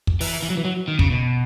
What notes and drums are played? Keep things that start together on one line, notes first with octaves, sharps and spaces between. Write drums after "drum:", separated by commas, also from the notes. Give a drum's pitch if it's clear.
drum: kick
E3, drum: open hi-hat
E3
F#3
E3
F#3
D#3
C#3, drum: kick
B2